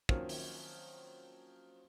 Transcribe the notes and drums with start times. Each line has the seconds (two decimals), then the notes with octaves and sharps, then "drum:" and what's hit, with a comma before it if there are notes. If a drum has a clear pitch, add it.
0.09 D#3 F3 F#3 A#3 C4 C#4, drum: kick
0.29 drum: open hi-hat